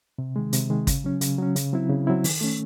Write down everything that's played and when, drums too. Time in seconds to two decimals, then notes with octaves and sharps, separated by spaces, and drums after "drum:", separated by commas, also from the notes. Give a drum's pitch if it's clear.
0.18 C3
0.36 D#3 G#3
0.53 C3, drum: hi-hat
0.70 D#3 G#3
0.87 C#3, drum: kick, hi-hat
1.04 F#3 C#4
1.21 C#3, drum: hi-hat
1.38 F#3 C#4
1.56 C#3, drum: hi-hat
1.73 F#3 C4 E4
1.90 C#3
2.07 F#3 C4 E4
2.24 D#3, drum: open hi-hat
2.41 A3 C#4